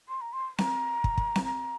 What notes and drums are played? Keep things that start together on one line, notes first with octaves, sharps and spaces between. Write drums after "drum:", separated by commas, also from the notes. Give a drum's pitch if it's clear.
C6
A#5
C6
A#5, drum: snare C4
drum: kick
drum: kick
drum: snare C4
A#5